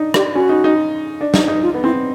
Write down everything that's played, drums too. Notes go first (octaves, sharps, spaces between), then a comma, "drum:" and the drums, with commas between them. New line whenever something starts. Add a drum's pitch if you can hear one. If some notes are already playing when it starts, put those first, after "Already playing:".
Already playing: D4 D#4
D4 G4, drum: rim click
C#4 F#4
D#4
D#4
D4
D#4, drum: snare
D#4
F4
B3
C4 E4